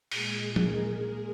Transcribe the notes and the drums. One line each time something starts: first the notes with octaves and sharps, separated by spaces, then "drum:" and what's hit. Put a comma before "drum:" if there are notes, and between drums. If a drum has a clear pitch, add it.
A#2 G#3 G#4, drum: open hi-hat
A#4, drum: tom